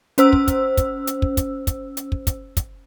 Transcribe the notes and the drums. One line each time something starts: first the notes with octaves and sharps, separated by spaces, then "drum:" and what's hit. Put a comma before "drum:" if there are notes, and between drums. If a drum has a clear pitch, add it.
C#4 C5 E6, drum: hi-hat
drum: kick
drum: kick, hi-hat
drum: kick, hi-hat
drum: hi-hat
drum: kick
drum: kick, hi-hat
drum: kick, hi-hat
drum: hi-hat
drum: kick
drum: kick, hi-hat
drum: kick, hi-hat